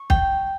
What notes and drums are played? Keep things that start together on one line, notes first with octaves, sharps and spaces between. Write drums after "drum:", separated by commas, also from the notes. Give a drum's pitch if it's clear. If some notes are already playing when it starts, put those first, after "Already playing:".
Already playing: C#6
G5, drum: kick